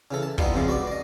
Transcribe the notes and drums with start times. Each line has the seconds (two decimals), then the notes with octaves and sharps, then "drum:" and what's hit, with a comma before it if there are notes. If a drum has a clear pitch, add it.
0.11 C#3 E3 A4
0.23 A5
0.38 F3 G3 B3 D#4 E4, drum: kick
0.54 B1 F2 C#3 F3 G#3
0.68 F#4 B4 D5
0.87 D5 D#5